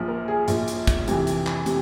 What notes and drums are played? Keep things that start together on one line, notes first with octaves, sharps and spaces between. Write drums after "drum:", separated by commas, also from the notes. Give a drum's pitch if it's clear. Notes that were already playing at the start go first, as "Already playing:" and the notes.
Already playing: A#1 A#2 F3
A#4
G#4
A#1 A#2 F3, drum: hi-hat
drum: hi-hat
drum: kick, hi-hat
F2 C3 E3, drum: hi-hat
drum: hi-hat
drum: clap
C3, drum: hi-hat